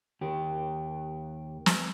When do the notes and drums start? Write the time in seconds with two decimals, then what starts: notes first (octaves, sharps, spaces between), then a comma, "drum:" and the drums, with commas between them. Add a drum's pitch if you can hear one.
0.21 D#2 G4
1.66 drum: snare